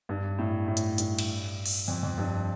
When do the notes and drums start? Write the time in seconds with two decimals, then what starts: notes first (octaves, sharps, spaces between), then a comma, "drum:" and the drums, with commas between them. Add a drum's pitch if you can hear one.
0.09 G2
0.39 A2
0.68 A2
0.77 drum: hi-hat
0.98 G2, drum: hi-hat
1.19 drum: cymbal
1.66 drum: open hi-hat
1.88 F2
2.03 F2
2.18 G2